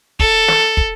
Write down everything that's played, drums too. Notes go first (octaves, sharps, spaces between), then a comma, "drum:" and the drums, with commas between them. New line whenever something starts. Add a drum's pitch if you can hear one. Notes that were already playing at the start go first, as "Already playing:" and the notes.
A4, drum: kick
drum: snare
drum: kick